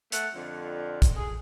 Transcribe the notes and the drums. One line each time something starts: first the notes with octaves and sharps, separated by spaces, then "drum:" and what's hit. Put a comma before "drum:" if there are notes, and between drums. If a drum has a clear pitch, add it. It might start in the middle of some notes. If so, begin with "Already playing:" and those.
A3 F#5, drum: hi-hat
F2 D3
drum: kick, hi-hat
G#4